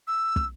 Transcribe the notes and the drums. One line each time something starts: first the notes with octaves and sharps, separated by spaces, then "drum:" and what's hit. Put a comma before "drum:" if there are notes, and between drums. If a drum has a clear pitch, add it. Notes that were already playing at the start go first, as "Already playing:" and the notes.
E6
drum: kick